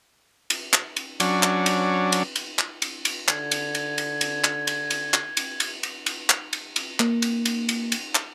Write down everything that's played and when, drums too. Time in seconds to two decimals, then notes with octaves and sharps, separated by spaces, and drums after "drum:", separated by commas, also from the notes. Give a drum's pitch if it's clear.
0.50 drum: cymbal
0.73 drum: clap
0.96 drum: cymbal
1.20 F#3 C#4 D4, drum: cymbal
1.43 drum: clap
1.66 drum: cymbal
2.12 drum: cymbal
2.36 drum: cymbal
2.59 drum: clap
2.82 drum: cymbal
3.05 drum: cymbal
3.28 D3 G#6, drum: clap
3.51 drum: cymbal
3.75 drum: cymbal
3.98 drum: cymbal
4.21 drum: cymbal
4.44 drum: clap
4.67 drum: cymbal
4.91 drum: cymbal
5.14 drum: clap
5.37 drum: cymbal
5.60 drum: cymbal
5.83 drum: cymbal
6.06 drum: cymbal
6.30 drum: clap
6.53 drum: cymbal
6.76 drum: cymbal
7.00 A#3, drum: clap
7.22 drum: cymbal
7.45 drum: cymbal
7.69 drum: cymbal
7.92 drum: cymbal
8.15 drum: clap